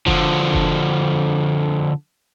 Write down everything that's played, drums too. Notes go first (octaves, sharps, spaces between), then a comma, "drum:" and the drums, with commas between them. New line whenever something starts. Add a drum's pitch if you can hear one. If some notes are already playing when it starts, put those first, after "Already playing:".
D3 F3, drum: kick F#1
drum: kick F#1